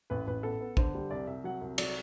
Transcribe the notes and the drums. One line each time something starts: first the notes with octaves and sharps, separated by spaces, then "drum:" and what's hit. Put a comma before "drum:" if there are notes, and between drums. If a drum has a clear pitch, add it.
A1 B4
A1 B4
B3 A4
B3
D3 C5, drum: kick
G3
C2 D5
C2 E5
F#3 F#5
C2
F#3 D5, drum: cymbal